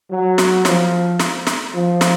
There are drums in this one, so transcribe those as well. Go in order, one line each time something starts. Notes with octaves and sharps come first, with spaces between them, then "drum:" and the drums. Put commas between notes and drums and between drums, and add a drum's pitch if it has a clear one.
F#3
drum: snare
F3, drum: snare
drum: snare
drum: snare
F3
drum: snare